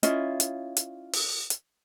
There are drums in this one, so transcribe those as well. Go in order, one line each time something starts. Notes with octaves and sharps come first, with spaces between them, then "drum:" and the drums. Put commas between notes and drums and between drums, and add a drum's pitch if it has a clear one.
C#4 E4 F4 D#5, drum: hi-hat
drum: hi-hat
drum: hi-hat
drum: open hi-hat
drum: hi-hat